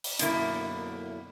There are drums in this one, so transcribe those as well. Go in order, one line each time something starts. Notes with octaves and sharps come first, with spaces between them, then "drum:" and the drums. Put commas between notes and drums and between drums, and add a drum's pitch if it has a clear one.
drum: open hi-hat
F#2 B2 D3 A#3 E4, drum: hi-hat